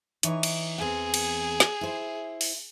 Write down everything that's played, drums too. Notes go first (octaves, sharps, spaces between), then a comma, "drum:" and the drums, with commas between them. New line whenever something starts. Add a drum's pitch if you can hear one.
E3 D#4 C#5, drum: hi-hat
drum: cymbal
E2 C4 G#4
drum: cymbal
drum: snare
E4 C5
drum: open hi-hat